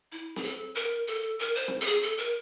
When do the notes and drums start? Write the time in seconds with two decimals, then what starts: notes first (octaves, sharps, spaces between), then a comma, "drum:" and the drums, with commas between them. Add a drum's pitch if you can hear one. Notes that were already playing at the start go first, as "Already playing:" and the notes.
0.12 E4
0.36 G#4, drum: snare C4
0.44 A4
0.75 A#4
1.08 A4
1.39 A#4
1.55 C5
1.68 drum: snare C4
1.81 A4
1.86 G#4
2.02 A4
2.18 A#4